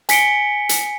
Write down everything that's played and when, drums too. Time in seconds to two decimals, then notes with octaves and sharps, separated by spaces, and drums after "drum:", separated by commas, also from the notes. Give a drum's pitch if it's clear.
0.09 G#5 B6 C#7 D7 G7, drum: hi-hat
0.69 drum: hi-hat